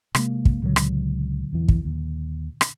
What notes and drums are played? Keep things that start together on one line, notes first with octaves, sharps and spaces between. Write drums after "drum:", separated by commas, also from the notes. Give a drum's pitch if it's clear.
C3 G#3 A#3, drum: rim click
drum: kick
C#2 A#2 D3 F#3
drum: rim click
E2 E3
drum: kick
D#2
drum: rim click